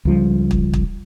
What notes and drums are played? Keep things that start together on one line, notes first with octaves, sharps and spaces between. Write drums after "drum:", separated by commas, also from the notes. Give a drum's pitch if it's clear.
C#2 F3 G3
drum: kick
drum: kick